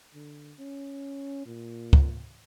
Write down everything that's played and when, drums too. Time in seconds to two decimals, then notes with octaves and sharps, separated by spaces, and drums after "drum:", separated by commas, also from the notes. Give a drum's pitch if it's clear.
0.14 D3
0.59 C#4
1.46 A#2
1.93 drum: kick C#2